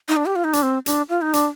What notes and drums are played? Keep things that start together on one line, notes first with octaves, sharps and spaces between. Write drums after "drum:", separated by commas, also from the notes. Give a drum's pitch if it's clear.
D#4
D4
G4
F4
D#4
D4, drum: hi-hat
C4
D4, drum: hi-hat
F4
D#4
D4, drum: hi-hat